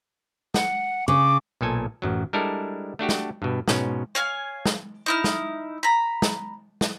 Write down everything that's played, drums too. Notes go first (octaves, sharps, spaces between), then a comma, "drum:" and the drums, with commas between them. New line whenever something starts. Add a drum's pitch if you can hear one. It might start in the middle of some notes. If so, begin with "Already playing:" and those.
F#5, drum: snare
C#3 D6
B1 A#2 A4 G#5
A1 F#2 F#3
G3 G#3 D4 E4 A4 A#4
A3 D4 F#4 G4
drum: snare
G2 B2
G#2 B2 C#4, drum: snare
C#5 F5 G#5
drum: snare
D#4 E4 F6
drum: snare
A#5 B5
drum: snare
drum: snare